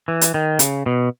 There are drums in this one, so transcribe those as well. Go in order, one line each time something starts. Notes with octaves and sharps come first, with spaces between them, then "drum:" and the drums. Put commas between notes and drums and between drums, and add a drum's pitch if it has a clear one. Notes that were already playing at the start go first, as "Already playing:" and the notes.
E3
drum: hi-hat
D#3
C#3, drum: hi-hat
B2